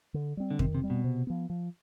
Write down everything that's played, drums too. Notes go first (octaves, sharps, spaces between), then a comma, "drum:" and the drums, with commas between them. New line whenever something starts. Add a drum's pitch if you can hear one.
D3
G3 C4
D3
C3 D#3, drum: kick F2
C3
G3 C4
B2
C3
F3 B3
F3